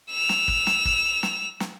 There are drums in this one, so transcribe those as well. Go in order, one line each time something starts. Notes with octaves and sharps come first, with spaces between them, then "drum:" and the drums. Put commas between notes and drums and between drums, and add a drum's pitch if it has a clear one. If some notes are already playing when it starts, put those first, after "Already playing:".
E6 F7
drum: snare
drum: kick
drum: snare
drum: kick
drum: snare
drum: snare